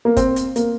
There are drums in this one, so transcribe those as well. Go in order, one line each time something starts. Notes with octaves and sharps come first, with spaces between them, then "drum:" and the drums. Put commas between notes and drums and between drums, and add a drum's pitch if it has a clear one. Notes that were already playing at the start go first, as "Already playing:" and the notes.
A#3
C4, drum: kick, hi-hat
drum: hi-hat
A#3, drum: hi-hat